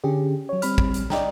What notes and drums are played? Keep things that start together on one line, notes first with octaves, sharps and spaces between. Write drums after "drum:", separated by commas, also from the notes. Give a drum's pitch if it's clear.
D3 C#4 G4 G#4
F#3 C#5
G3 C4 B5 F6, drum: hi-hat
drum: kick
drum: hi-hat
D5 D#5 G5 A#5, drum: snare